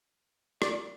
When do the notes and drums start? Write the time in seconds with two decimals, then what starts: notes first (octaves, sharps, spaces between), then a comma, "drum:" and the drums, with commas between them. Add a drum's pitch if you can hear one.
0.62 D5, drum: rim click